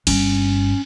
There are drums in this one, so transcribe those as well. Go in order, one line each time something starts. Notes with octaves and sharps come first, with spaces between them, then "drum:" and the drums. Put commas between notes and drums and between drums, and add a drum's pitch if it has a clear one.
G1 G2 C#4, drum: cymbal